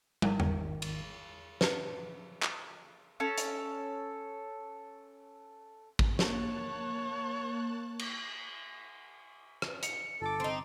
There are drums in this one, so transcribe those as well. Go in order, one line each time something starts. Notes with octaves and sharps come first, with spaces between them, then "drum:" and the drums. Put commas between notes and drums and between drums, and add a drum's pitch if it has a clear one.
G#1 D#3, drum: tom
drum: tom
drum: cymbal
B4, drum: snare
drum: clap
C#4 A4
drum: hi-hat
drum: kick
A#3 C#5 A5 F#6, drum: snare
drum: cymbal
drum: rim click
C#7, drum: hi-hat
G1 A4 D6
C4 D#4 C6